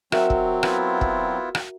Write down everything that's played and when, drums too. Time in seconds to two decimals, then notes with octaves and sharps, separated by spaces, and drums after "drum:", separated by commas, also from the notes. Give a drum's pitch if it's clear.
0.12 F#3 C4 F#4 A#4 E5, drum: rim click
0.30 drum: kick
0.63 B3 E4 F4, drum: rim click
1.01 drum: kick
1.55 drum: rim click